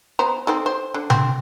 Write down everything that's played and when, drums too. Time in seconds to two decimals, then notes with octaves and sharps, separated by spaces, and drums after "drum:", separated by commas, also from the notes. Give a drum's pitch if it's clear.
0.19 B3 C5 A#5
0.47 C4 D#4 A4
0.66 C5
0.94 D3
1.10 C4, drum: tom C3